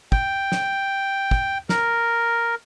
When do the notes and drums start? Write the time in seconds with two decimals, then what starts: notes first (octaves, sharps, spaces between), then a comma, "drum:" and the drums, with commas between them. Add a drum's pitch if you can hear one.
0.12 G5, drum: kick
0.52 drum: snare
1.31 drum: kick
1.69 A#4, drum: snare